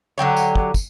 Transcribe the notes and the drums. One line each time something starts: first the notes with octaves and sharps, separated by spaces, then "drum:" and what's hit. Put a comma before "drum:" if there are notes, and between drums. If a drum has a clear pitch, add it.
D3 F#3 G4 C#5
drum: tambourine
drum: kick
drum: kick, tambourine